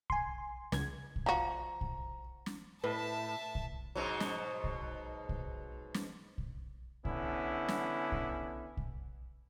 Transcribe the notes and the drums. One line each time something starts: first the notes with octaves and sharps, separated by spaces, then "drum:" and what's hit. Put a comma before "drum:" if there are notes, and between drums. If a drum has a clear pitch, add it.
G#5 C6, drum: kick
C#2 G#6, drum: snare
drum: kick
F3 F#4 A#5
drum: kick
drum: snare
A2 B4 E5 A5
drum: kick
G#2 B2 F#3
drum: snare
drum: kick
drum: kick
drum: snare
drum: kick
D3 B3 C#4 E4, drum: kick
drum: snare
drum: kick
drum: kick